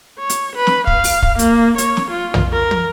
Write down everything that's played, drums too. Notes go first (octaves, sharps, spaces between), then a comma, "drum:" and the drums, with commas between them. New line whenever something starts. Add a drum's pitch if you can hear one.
C#5
drum: hi-hat
B4
drum: snare
F5, drum: kick
drum: open hi-hat
drum: kick
A#3, drum: hi-hat
C#5, drum: hi-hat
drum: snare
F4
drum: tom
A#4
drum: tom